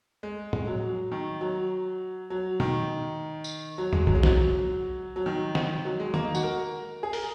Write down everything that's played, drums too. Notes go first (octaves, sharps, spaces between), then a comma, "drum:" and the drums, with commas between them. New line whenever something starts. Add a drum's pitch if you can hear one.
G#3
G#3, drum: tom A2
F#3
D#3
F#3
F#3
D#3, drum: tom B2
drum: tambourine
F#3
G#3, drum: tom
F#3, drum: kick B1
G#3
F#3, drum: snare
F#3
D#3
D#3, drum: snare
F#3
G#3
A#3, drum: tom
D#4
F#4, drum: tambourine
A#4
G#4
A#4, drum: open hi-hat